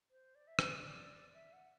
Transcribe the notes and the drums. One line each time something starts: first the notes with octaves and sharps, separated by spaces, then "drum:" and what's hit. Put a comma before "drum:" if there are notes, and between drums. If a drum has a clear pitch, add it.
C5
D5
E5
D5, drum: rim click
E5
F#5